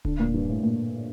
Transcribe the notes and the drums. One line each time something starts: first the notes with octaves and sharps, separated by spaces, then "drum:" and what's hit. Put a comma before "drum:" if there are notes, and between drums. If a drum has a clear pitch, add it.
D3, drum: kick D1
A#2
G2
A2
A#2